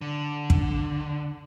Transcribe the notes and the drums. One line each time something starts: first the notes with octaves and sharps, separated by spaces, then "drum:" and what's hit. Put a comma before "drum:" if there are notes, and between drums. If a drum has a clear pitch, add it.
D3
drum: kick